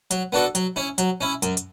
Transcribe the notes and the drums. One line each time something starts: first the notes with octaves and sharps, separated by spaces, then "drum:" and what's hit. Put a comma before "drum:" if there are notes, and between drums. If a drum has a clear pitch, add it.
F#3, drum: hi-hat
B3 D4 F#4 A4
F#3, drum: hi-hat
C#4 E4
F#3, drum: hi-hat
C#4 E4
F#2, drum: hi-hat
drum: hi-hat